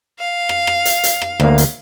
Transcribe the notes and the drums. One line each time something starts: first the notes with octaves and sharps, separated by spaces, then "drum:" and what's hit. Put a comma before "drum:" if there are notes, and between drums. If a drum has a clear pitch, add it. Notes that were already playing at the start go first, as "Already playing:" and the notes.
F5
drum: rim click
drum: rim click
drum: hi-hat
drum: hi-hat
drum: rim click
D2 A#3, drum: rim click
drum: hi-hat